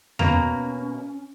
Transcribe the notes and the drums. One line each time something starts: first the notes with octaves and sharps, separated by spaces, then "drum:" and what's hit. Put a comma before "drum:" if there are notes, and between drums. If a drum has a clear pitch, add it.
B2 A#3 C#4 A#5, drum: tom E2